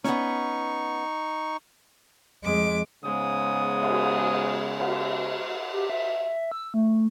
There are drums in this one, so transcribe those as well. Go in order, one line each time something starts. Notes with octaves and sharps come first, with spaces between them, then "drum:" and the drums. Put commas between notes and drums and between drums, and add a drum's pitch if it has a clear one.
B3 C#4 D#4 C#6, drum: snare
F2 G#3 D6
G#2 C#3 G#3 B3 D#6
drum: cymbal
drum: cymbal
G4
E5
E6
A3